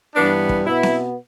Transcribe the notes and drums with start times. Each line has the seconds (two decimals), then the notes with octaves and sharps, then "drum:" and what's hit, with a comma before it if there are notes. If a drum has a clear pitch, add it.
0.15 G2 E3 G3 B3 D4
0.49 drum: kick
0.66 B2 B3 E4
0.83 drum: snare C4